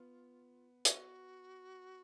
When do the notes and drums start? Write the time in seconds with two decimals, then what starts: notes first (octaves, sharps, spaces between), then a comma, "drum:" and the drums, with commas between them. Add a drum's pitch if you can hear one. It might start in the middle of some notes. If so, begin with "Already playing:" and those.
Already playing: B3 F4
0.85 F#4, drum: hi-hat